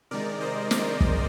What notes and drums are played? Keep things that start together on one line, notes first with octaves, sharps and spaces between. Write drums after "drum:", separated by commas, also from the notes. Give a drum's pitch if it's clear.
C3 D#3 G#3 D#4 A#4 D5
C5 D#5
A#4 D5, drum: snare
drum: kick